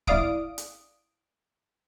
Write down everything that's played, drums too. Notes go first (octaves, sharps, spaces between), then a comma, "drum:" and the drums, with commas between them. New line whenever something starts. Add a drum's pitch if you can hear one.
G#1 E4 D5 F5 D#6 D7, drum: kick
drum: hi-hat